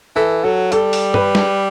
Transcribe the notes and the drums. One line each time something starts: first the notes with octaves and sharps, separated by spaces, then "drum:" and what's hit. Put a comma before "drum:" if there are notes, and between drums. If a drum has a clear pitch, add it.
E3 A4
F#3 A4
G3 A4, drum: hi-hat
drum: open hi-hat
B4, drum: tom
drum: snare